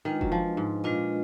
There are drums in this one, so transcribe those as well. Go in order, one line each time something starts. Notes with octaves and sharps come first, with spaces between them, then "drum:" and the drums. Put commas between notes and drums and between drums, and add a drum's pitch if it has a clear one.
D#3 G#3 D4 F4 B4 D#5
F#3, drum: kick F1
F3
G#2
A#2 G#3 D4 F4 B4 D#5